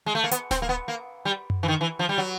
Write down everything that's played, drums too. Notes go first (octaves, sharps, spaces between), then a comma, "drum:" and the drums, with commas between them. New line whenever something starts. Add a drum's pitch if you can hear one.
G#3
A3
A#3
B3, drum: hi-hat
C4, drum: snare D1
A#3
B3
A#3
G3
drum: tom F#2
E3
D#3
E3
F3
G3
F#3